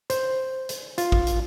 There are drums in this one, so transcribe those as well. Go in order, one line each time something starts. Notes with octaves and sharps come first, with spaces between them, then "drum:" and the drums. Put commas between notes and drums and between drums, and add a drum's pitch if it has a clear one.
C5, drum: hi-hat
drum: hi-hat
F4, drum: hi-hat
drum: kick
drum: hi-hat